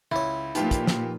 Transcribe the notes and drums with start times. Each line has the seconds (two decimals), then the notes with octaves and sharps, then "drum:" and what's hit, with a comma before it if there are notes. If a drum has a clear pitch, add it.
0.12 C#2 E4 C#5
0.55 A#2 F3 D#4 F4 G4 B4 B5, drum: hi-hat
0.71 drum: kick, hi-hat
0.87 drum: snare